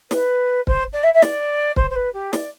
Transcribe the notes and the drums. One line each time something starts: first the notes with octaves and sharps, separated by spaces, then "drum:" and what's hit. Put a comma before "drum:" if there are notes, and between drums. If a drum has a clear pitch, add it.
B4, drum: snare
C5, drum: kick
D5
E5
E5
D5, drum: snare
C5, drum: kick
C5
B4
G4
D5, drum: snare